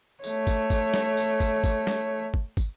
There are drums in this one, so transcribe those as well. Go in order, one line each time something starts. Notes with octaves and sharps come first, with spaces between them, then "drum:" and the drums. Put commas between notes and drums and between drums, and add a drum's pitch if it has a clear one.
A3 C#5, drum: tambourine
drum: kick, tambourine
drum: kick, tambourine
drum: snare
drum: tambourine
drum: kick, tambourine
drum: kick, tambourine
drum: snare
drum: kick
drum: kick, tambourine